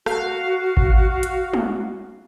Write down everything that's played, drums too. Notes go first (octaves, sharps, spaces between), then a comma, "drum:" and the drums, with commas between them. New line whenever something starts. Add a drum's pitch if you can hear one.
F#4 F5, drum: rim click
drum: kick G#1
drum: hi-hat
drum: tom